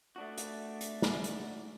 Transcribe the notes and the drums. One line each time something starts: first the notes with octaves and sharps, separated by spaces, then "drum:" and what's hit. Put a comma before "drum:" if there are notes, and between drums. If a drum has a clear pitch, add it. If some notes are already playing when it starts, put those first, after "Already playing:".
A3 D4 F#4
drum: hi-hat
drum: hi-hat
drum: snare
drum: hi-hat